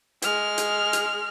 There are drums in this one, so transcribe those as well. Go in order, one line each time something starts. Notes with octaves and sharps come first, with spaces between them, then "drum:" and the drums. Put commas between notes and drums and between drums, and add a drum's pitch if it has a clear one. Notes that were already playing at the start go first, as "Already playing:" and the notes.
G#3 F6, drum: hi-hat
drum: hi-hat
drum: hi-hat